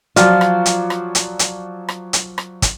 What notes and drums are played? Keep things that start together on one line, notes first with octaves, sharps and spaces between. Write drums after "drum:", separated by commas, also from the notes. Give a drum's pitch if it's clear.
F3 F#3 F4 D5, drum: hi-hat
drum: rim click
drum: hi-hat
drum: rim click
drum: hi-hat
drum: hi-hat
drum: rim click
drum: hi-hat
drum: rim click
drum: kick, hi-hat